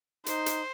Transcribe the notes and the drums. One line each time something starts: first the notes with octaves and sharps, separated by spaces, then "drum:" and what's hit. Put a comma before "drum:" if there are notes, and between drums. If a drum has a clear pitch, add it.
D#4 C5, drum: hi-hat
drum: hi-hat